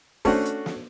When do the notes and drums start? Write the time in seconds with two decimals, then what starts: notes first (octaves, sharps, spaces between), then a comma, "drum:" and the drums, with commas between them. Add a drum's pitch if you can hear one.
0.25 A3 C#4 D4 F#4 C5 F#5, drum: kick, open hi-hat
0.45 drum: hi-hat
0.66 drum: snare